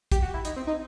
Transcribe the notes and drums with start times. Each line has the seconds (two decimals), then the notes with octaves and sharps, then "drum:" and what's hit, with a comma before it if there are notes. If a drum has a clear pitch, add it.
0.12 G4, drum: kick, hi-hat
0.22 F#4
0.34 E4
0.45 D#4, drum: hi-hat
0.56 C4
0.67 D#4